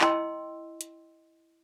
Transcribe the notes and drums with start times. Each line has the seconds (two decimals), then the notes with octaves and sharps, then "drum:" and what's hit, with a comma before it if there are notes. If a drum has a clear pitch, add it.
0.01 E4 D#5 G5 C6 E6, drum: clap
0.81 drum: hi-hat